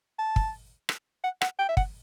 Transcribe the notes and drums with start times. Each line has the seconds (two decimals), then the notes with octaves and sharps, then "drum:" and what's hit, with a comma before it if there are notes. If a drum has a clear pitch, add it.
0.19 A5
0.36 drum: kick
0.89 drum: rim click
1.24 F#5
1.42 F#5, drum: rim click
1.59 G5
1.69 E5
1.77 F#5, drum: kick